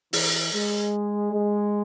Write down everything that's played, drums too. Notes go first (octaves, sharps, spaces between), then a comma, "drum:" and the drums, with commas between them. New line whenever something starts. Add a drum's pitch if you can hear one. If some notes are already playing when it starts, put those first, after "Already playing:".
E3, drum: open hi-hat
G#3
G#3